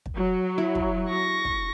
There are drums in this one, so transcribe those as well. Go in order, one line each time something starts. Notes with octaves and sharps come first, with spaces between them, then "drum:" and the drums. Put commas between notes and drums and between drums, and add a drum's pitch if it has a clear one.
drum: kick
F#3
E4
drum: kick
C#6 A#6
drum: kick